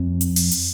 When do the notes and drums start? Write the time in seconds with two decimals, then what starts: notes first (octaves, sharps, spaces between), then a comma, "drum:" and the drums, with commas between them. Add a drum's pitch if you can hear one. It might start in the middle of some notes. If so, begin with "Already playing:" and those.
Already playing: F2
0.21 drum: hi-hat
0.36 drum: open hi-hat
0.51 drum: hi-hat